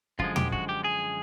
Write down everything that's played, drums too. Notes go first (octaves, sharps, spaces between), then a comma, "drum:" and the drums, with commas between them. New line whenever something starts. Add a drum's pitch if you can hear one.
F#2 D3 F3 G#3 F4, drum: kick
G4, drum: tom
F#4, drum: kick
G4
G#4